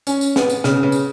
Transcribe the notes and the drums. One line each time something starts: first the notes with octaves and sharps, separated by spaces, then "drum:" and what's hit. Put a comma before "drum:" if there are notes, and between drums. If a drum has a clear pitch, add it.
C#4, drum: tambourine
drum: tambourine
B3, drum: snare
drum: tambourine
C#3, drum: snare
C#3
drum: tambourine